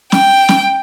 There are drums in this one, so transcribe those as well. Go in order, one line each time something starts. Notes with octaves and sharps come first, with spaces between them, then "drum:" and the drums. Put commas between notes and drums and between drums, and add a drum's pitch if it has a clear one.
G5, drum: snare
drum: snare